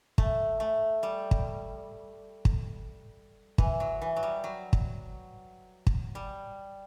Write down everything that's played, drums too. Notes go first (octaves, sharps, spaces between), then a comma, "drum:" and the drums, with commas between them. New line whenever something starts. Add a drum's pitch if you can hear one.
A3, drum: kick
A3
G3
drum: kick
drum: kick
E3, drum: kick
F#3
E3
F#3
G3
F#3
drum: kick
drum: kick
G3